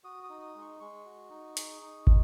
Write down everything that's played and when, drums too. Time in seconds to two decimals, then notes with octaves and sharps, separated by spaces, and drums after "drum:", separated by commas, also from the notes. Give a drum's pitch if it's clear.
0.04 F#4 D#6
0.23 D#6
0.30 D#4
0.42 D#6
0.55 G#3
0.61 C#6
0.80 G#3 C#6
1.06 F#4
1.30 D#4
1.57 G#4, drum: hi-hat
1.82 D#4
2.07 G#3, drum: kick